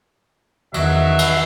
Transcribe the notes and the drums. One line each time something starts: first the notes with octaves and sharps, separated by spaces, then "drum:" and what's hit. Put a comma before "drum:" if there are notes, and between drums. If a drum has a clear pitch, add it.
E2 D#3 F#3 E5, drum: cymbal
drum: cymbal